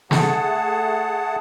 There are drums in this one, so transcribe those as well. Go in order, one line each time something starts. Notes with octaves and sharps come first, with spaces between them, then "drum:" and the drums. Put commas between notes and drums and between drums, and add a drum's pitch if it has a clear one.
A3 G#4 F#5 A5, drum: snare